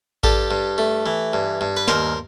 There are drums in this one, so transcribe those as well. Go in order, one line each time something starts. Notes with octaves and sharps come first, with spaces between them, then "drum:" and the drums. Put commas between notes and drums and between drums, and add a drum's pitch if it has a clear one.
G2 G4 A4, drum: kick A1
G2
A3
E3
G2
G2
B4
D#2 A#4 C5, drum: snare